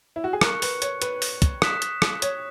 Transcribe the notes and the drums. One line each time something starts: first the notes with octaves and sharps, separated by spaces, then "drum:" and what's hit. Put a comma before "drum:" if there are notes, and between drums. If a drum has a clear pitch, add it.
E4
F#4
G#4
A#4 C#6 F#6 C#7, drum: rim click
B4, drum: open hi-hat
C#5, drum: hi-hat
B4, drum: hi-hat
drum: open hi-hat
drum: kick, hi-hat
D#6 F#6 B6 E7, drum: rim click
drum: hi-hat
drum: rim click
C#5, drum: hi-hat